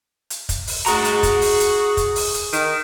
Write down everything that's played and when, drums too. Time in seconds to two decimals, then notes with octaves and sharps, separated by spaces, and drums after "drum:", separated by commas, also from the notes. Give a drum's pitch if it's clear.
0.30 drum: hi-hat
0.49 drum: kick, hi-hat
0.67 drum: open hi-hat
0.86 F#4 G#4 A#5, drum: hi-hat
1.04 drum: hi-hat
1.23 drum: kick, hi-hat
1.42 drum: open hi-hat
1.60 drum: hi-hat
1.97 drum: kick, hi-hat
2.16 drum: open hi-hat
2.34 drum: hi-hat
2.53 D#3, drum: hi-hat